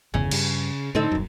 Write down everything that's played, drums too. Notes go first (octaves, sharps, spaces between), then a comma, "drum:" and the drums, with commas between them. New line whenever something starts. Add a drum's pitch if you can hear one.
G1 E2 C#3
G2, drum: cymbal
A2 D3 C4 D#4 A4
D#1 F#2